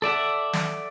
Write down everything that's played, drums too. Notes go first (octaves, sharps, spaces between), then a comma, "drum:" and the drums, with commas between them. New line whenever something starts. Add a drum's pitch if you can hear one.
A4 D5 E5 F#5
drum: snare